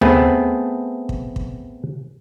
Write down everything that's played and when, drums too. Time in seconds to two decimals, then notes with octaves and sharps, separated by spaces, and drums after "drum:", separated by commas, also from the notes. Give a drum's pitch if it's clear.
0.01 A3 B3 C4 G#4 B4, drum: tom D#2
1.09 drum: kick
1.36 drum: kick